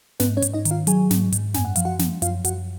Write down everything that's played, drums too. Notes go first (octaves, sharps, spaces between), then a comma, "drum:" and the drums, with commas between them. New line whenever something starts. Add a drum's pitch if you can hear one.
G#2 B3 B4, drum: snare
C#4 C#5
G#2, drum: hi-hat
D#4 D#5
D#3, drum: hi-hat
F4 F5
F#3 G#4 G#5, drum: hi-hat
G#2, drum: snare
G#2, drum: hi-hat
F#2 G#5, drum: snare
F#5
F3 F5, drum: hi-hat
F#4 F#5
F3, drum: snare
F#2 F4 F5, drum: hi-hat
F#2 F#4 F#5, drum: hi-hat